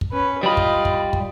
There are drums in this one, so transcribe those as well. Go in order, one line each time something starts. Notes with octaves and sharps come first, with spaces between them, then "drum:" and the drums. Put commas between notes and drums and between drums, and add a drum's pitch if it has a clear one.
drum: kick
C#4 B4
G3 F4 D#5 B5
drum: kick
drum: kick
drum: kick